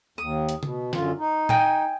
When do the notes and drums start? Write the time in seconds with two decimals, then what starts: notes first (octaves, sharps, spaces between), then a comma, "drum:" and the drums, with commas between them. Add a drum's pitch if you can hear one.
0.18 D#2 D#6
0.49 drum: hi-hat
0.63 B2, drum: tom C#3
0.93 F#2 D3 F4, drum: snare
1.18 D#4
1.49 D#5 G5 G#5, drum: tom A#2